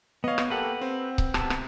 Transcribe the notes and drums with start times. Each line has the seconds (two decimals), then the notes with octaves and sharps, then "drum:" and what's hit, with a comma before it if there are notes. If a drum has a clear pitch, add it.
0.24 B3 C#5 D#5 F5
0.38 drum: rim click
0.50 A#3 G4 A4 B4 F#5
0.81 C4
1.18 drum: kick C#1
1.34 C3 B3 A5 E6, drum: rim click
1.50 drum: rim click